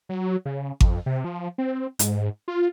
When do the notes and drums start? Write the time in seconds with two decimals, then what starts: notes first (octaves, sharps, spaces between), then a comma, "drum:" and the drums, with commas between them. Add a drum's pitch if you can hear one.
0.09 F#3
0.46 C#3
0.81 F2, drum: kick G#1
1.06 C3
1.24 F3
1.58 C4
1.99 G#2, drum: hi-hat
2.48 F4